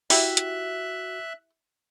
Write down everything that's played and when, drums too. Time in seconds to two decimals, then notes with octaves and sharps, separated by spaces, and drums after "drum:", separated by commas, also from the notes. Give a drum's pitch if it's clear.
0.10 E4 F#4 G4 E5 F#6, drum: open hi-hat
0.37 drum: hi-hat